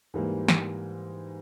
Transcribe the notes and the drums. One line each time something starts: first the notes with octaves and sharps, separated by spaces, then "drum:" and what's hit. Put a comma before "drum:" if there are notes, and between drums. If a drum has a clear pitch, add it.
G#2 E3 G3 A#3
drum: snare